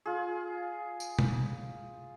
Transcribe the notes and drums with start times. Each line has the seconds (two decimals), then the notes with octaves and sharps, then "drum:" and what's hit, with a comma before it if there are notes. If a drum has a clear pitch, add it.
0.06 F4 G#4
1.00 drum: tambourine
1.19 drum: tom B2